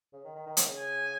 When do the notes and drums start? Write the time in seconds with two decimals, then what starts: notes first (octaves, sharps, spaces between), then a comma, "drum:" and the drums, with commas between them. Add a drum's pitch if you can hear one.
0.13 C#3
0.24 D#3
0.36 D#3
0.47 D#3
0.57 D#3, drum: hi-hat
0.68 C#3
0.79 G#5